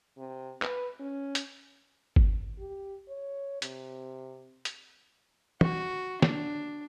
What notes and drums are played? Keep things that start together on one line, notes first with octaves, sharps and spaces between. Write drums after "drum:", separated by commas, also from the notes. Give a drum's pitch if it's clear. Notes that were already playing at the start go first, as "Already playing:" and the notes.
C3
B4, drum: clap
C#4
drum: hi-hat
drum: kick G1
G4
C#5
C3, drum: hi-hat
drum: hi-hat
F#4, drum: tom
D4, drum: snare